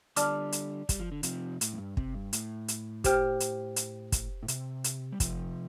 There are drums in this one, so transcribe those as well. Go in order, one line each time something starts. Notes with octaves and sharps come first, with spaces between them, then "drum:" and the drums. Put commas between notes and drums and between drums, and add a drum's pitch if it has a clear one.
D3 G3 D5 A5 D6 F6, drum: hi-hat
drum: hi-hat
G3, drum: kick, hi-hat
F3
D3
C3 F3, drum: hi-hat
A2, drum: hi-hat
F2
G2
C3, drum: kick
G2
A2, drum: hi-hat
drum: hi-hat
G4 C5 G5 F6, drum: kick, hi-hat
drum: hi-hat
drum: hi-hat
drum: kick, hi-hat
A2
C3, drum: hi-hat
drum: hi-hat
G3
C3 F3, drum: kick, hi-hat